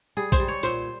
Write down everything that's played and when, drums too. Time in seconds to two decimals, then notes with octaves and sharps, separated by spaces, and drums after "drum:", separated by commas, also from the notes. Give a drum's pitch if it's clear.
0.17 G3 G#4
0.32 C5, drum: kick A#1, tambourine
0.39 G3
0.48 C#5
0.63 A#2 C5, drum: tambourine